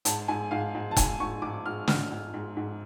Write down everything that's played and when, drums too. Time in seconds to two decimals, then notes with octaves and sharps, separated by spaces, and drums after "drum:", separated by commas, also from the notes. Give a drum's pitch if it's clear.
0.05 G#2 A5, drum: hi-hat
0.28 G#2 G#5
0.51 G#2 F5
0.75 G#2
0.91 A5
0.96 G#2 G#5, drum: kick F1, hi-hat
1.20 G#2 C#6
1.42 G#2 D6
1.66 G#2 F6
1.88 G#2 F6, drum: snare
2.11 G#2
2.34 G#2
2.57 G#2